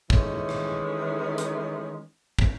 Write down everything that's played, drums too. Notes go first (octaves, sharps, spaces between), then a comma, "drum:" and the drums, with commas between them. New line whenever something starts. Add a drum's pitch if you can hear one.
D#3 E3 G#3 A3 C#4, drum: kick
drum: rim click
drum: hi-hat
drum: kick